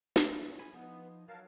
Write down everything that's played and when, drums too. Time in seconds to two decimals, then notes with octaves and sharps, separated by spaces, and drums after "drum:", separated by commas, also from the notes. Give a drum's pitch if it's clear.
0.16 drum: snare
0.43 A#2 D#3
0.59 G#5 B5
0.73 F3 B3 D#4
1.28 F#3 A#4 F5 A5